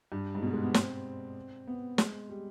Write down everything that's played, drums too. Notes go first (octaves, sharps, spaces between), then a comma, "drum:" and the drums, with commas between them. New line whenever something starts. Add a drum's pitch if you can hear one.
G2
G#2
B2
G#3
B3
C4, drum: snare
B3
G#3, drum: snare
G3